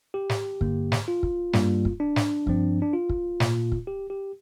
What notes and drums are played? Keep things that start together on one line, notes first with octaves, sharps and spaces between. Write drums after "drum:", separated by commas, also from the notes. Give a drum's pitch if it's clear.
G4
drum: snare
G2 D3 A#3, drum: kick
drum: snare
F4
drum: kick
G2 G3 A#3, drum: snare
drum: kick
D4
drum: snare
G2 F3 C4, drum: kick
D4
F4
drum: kick
A#2 A#3, drum: snare
drum: kick
G4
G4